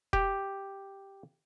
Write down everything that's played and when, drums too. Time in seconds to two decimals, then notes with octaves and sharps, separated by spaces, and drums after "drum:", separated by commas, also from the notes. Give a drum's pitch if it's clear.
0.13 G4, drum: kick E1